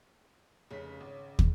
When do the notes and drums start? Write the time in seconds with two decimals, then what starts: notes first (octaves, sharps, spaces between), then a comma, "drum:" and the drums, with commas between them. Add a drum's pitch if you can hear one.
0.71 F1 C#3 C#4 B6
1.00 G#1
1.39 drum: kick